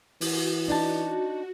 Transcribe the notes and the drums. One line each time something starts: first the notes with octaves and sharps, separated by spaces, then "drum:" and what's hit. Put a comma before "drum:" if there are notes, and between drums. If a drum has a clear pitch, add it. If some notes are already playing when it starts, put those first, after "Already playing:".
E3 F#4, drum: open hi-hat
D4 D#4 A5